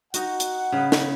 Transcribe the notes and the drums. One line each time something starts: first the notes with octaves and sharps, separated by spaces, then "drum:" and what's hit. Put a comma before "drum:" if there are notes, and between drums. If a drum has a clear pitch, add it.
D#4 F#4 F#5, drum: hi-hat
drum: hi-hat
C#3 B3
drum: snare